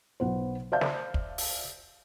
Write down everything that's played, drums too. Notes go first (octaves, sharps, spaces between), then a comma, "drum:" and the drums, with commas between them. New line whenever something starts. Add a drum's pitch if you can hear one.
B1 B3 C5
C5 D5 E5 F5 A5 G6
drum: snare
drum: kick
drum: open hi-hat